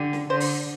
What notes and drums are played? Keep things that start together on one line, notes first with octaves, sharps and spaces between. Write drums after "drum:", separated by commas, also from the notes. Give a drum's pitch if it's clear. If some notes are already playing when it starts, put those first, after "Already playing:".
Already playing: D3 G4
drum: snare
D3 C5
drum: open hi-hat